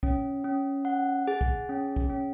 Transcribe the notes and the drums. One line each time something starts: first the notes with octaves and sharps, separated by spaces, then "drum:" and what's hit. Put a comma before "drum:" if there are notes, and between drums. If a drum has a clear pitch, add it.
C#4, drum: kick B1
C#4
F#5
G#4
drum: kick B1
C#4
drum: kick B1
C#4